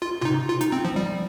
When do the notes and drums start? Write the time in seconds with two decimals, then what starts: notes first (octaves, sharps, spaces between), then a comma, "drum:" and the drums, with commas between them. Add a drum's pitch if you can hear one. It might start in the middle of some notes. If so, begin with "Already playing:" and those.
0.02 F4
0.22 F4, drum: tom C3
0.25 D#4
0.49 F4
0.61 D#4, drum: hi-hat
0.72 C4
0.85 F3
0.96 G3